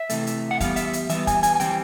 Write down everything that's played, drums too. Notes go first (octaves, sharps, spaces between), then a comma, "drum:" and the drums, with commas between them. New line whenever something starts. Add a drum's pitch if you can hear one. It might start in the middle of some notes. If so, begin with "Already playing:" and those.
Already playing: E5
C3 E3 A3, drum: hi-hat
drum: hi-hat
F#5
E3 G3 B3 F5, drum: kick, hi-hat
E5, drum: hi-hat
drum: hi-hat
E3 G3 B3 E5, drum: hi-hat
G#5, drum: kick, hi-hat
G#5, drum: hi-hat
G#5
E3 G3 C4 G5, drum: hi-hat